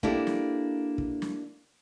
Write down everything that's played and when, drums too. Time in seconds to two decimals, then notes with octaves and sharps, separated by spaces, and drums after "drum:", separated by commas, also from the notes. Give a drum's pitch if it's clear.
0.03 A#3 D4 E4 G4 A4, drum: kick
0.27 drum: snare
0.98 drum: kick
1.22 drum: snare